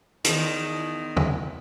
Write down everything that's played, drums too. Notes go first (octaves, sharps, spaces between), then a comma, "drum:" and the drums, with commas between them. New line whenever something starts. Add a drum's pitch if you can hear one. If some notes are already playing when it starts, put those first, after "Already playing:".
E2 D#3, drum: hi-hat
drum: tom